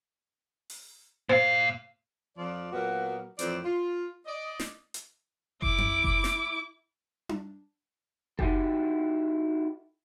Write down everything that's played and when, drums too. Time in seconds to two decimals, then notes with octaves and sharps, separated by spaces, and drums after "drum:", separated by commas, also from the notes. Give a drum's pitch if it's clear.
0.70 drum: open hi-hat
1.29 A#2 C5 F5
2.38 F2 F3 F4 D5
2.72 A#2 F#3 A#3 B3 F#4 A#4
3.39 F2 A2 E3 C5 D5, drum: hi-hat
3.63 F4
4.25 D5 D#5
4.60 drum: snare
4.94 drum: hi-hat
5.62 E4 D6, drum: kick F#1
5.78 drum: tom F2
6.04 drum: kick F#1
6.24 drum: snare
7.29 drum: tom D4
8.39 D#4 E4 F#4 G4 A4, drum: kick F#1